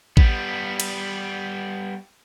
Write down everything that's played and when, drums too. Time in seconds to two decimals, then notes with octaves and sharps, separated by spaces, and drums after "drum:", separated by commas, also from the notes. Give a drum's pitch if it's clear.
0.17 G3 B3, drum: kick A1
0.80 drum: cymbal